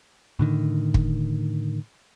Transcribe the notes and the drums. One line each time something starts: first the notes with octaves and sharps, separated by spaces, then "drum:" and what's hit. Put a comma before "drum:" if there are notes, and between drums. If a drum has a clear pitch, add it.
A2 D3 D#3
drum: kick